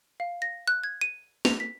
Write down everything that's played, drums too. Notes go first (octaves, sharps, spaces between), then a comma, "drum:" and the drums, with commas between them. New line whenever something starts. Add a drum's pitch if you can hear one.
F5
A#6
F#6
G#6
D#7
F7, drum: snare
B6